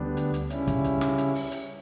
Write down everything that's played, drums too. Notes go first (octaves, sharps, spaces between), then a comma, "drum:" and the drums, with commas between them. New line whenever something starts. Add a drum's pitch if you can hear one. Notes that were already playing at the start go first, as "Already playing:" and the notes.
Already playing: D2 D3 G3 B3 D4
drum: hi-hat
drum: hi-hat
C#3 G3 C#4 E4, drum: hi-hat
drum: kick, hi-hat
drum: hi-hat
drum: snare
drum: hi-hat
drum: open hi-hat
drum: hi-hat